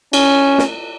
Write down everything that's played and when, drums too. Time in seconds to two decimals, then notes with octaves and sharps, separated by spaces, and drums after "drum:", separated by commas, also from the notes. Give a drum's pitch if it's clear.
0.13 C#4, drum: cymbal
0.58 drum: snare